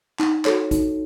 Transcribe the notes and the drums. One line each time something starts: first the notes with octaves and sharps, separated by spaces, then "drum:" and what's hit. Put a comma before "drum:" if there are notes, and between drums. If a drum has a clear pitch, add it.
D#4, drum: clap
F#4 A4 C#5, drum: clap
D#4, drum: kick A1, hi-hat